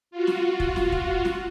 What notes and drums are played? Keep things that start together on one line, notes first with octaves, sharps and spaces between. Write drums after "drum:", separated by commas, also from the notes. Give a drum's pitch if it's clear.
F4 F#4
drum: snare
drum: kick
drum: snare
drum: kick
drum: snare